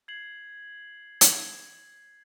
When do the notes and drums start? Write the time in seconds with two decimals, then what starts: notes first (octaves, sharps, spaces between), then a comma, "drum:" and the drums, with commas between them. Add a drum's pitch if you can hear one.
0.08 G#6 C7 F#7
1.21 drum: hi-hat